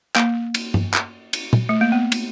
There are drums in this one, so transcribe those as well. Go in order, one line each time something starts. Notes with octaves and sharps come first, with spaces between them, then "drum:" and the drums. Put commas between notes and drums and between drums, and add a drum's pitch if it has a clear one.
A#3, drum: clap
drum: cymbal
drum: tom G2
drum: clap
drum: cymbal
drum: tom
A3
A#3
B3
drum: cymbal